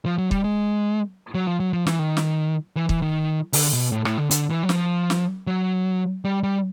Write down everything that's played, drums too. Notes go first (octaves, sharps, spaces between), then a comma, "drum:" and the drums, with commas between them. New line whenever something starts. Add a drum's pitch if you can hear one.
F3
F#3
G3, drum: kick
G#3
F#3
F3
F#3
F3
E3, drum: snare
D#3
drum: snare
E3
E3, drum: kick
D#3
D3, drum: open hi-hat
B2
A2
A2, drum: rim click
D3
D3, drum: hi-hat
E3
F#3
F3, drum: snare
drum: snare
F#3
G3
G3